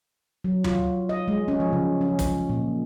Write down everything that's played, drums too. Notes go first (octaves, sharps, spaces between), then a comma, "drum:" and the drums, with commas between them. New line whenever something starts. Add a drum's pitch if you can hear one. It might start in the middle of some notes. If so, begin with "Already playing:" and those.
F#3
F4, drum: tom D2
D#5
G#3
C#4
F3
C#3
C#4
drum: kick, hi-hat
A#2